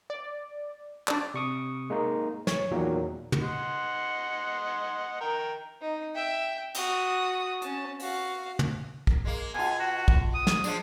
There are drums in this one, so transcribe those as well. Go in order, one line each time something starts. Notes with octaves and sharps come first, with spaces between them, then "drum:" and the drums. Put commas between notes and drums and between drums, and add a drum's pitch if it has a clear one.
D5
D4 D5, drum: clap
C3 C#6 D#6
G#3 A#3 D#4
C#5, drum: snare
E2 A#2 D#3 F#3 A#3
drum: tom
D#5 F#5 C6
A#4 G5
D#4
E5 G5
F#4 D#6, drum: cymbal
C#4 A5, drum: hi-hat
F#4 F5, drum: open hi-hat
drum: tom
drum: kick
G#3 A#3
B2 F4 G#5
F#4
drum: kick
D#6
drum: snare
F3 G#3 D4, drum: tambourine